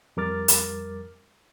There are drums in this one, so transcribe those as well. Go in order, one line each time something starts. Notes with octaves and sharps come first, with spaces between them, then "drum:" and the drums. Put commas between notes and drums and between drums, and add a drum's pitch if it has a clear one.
F2 G3 A#4 D6 F6 A6
drum: hi-hat